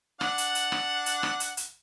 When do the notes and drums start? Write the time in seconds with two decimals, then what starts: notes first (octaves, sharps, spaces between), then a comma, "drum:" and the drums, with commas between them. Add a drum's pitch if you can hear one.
0.21 D4 F#5, drum: rim click
0.38 drum: hi-hat
0.55 drum: hi-hat
0.72 drum: rim click
1.06 drum: hi-hat
1.23 drum: rim click
1.40 drum: hi-hat
1.57 drum: hi-hat